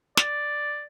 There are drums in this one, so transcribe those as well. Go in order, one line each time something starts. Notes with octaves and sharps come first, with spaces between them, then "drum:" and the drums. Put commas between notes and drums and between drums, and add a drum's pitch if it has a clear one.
D5, drum: snare